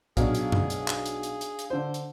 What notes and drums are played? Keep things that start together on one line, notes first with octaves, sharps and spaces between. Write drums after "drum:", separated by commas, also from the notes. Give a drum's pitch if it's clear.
B1 D4 G#4 F5, drum: kick, hi-hat
drum: hi-hat
drum: tom F#2
drum: hi-hat
drum: clap
drum: hi-hat
drum: hi-hat
drum: hi-hat
drum: hi-hat
D3 C5
drum: hi-hat